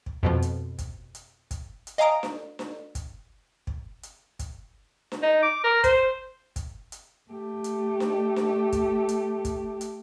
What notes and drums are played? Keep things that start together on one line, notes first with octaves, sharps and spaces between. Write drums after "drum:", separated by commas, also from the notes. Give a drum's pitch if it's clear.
drum: kick
F2 B2 F3
drum: hi-hat
drum: kick, hi-hat
drum: hi-hat
drum: kick, hi-hat
drum: hi-hat
D#5 F5 G#5 A#5 D#6 D7
drum: snare D4
drum: snare D4
drum: kick, hi-hat
drum: kick
drum: hi-hat
drum: kick, hi-hat
drum: snare D4
D#4
D6
A#4
C5, drum: kick, hi-hat
drum: kick, hi-hat
drum: hi-hat
A3 G4
drum: hi-hat
drum: snare D4
drum: snare D4
drum: kick, hi-hat
drum: hi-hat
drum: kick, hi-hat
drum: hi-hat